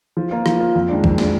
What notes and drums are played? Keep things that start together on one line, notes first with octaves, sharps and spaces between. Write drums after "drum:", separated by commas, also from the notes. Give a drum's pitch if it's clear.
F3
A#3 F4
F3, drum: rim click
A#3 F4
F2
D#3 G#3 D4
F2, drum: kick
D#3 G#3 D4, drum: snare